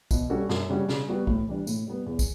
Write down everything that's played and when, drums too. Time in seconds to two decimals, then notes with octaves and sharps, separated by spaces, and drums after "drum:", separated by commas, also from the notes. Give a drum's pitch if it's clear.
0.11 B2, drum: kick, tambourine
0.30 G3 C#4 F#4 A4
0.49 F#2, drum: snare
0.69 C#3 G3 C#4 F#4
0.89 C#3, drum: snare
1.09 G3 B3 F#4
1.27 A2, drum: kick
1.47 E3 G3 D4
1.67 A2, drum: tambourine
1.86 G3 B3
2.06 E2
2.19 drum: kick, tambourine